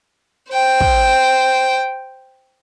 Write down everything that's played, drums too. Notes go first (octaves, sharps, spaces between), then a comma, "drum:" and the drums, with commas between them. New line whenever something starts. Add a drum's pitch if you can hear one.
C5 G5
drum: kick